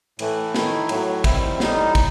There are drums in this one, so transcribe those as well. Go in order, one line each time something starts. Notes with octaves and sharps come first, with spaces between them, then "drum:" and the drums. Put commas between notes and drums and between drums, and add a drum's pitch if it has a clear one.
A2 E3 A3, drum: cymbal
D#3 A3 E4, drum: snare
A2 F#3 A3, drum: cymbal
D#3 G3 C4 E4, drum: kick, cymbal
A2 G3 D#4, drum: snare
drum: kick, cymbal